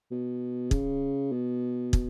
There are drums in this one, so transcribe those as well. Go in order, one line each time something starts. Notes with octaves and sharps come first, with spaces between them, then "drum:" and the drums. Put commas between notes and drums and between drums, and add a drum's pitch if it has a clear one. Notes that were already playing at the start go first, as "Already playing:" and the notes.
B2
C#3, drum: kick
B2
drum: kick